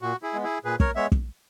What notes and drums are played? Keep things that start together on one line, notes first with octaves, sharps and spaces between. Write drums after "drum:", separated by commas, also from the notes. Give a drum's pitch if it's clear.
A#2 F#4
E4 G#4
G#3 B3
E4 G#4
A#2 G#4 B4
A#4 C#5, drum: kick
G#3 B3 C#5 E5
drum: kick